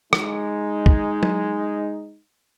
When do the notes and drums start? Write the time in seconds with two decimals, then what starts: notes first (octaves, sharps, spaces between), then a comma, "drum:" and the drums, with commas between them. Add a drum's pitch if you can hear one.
0.13 G#3 D#4, drum: rim click
0.86 drum: kick
1.23 drum: tom F#3